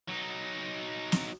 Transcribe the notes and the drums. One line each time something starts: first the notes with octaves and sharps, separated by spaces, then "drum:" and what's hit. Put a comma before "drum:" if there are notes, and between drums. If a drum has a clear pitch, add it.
F#3 D#4
drum: snare